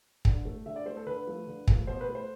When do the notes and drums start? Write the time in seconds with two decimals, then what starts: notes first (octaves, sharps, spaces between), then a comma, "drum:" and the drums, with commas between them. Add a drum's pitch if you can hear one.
0.25 D3, drum: kick
0.45 A3
0.66 D3 E5
0.76 D5
0.86 A3 C5
0.97 A4
1.06 D3 B4
1.27 F3 A3
1.47 D3
1.68 F3 A3, drum: kick
1.87 B2 C5
2.01 B4
2.08 A3
2.15 C5